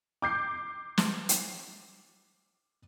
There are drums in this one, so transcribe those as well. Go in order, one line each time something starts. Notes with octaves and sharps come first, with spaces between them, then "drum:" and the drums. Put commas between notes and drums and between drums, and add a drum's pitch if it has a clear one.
D6 G6 C7
drum: snare
drum: hi-hat